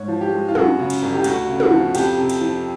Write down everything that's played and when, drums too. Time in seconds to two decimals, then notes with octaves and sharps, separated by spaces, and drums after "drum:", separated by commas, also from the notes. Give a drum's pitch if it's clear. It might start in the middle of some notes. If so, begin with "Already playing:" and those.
Already playing: G#2 C#5
0.08 F3
0.21 G4
0.31 G#3
0.48 F4
0.55 F#2 F#4, drum: tom
0.79 C#3
0.90 drum: cymbal
1.02 G1
1.15 G4
1.24 D2 F#4, drum: cymbal
1.49 C#3
1.60 F#4, drum: tom
1.71 F3
1.95 F2 G4, drum: cymbal
2.18 C3
2.30 drum: cymbal
2.41 F3